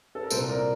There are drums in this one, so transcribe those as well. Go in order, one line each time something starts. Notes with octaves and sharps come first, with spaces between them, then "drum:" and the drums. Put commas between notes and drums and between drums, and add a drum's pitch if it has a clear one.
A4
A#4
C2 A#2 A4 C5, drum: tambourine
A#4 D5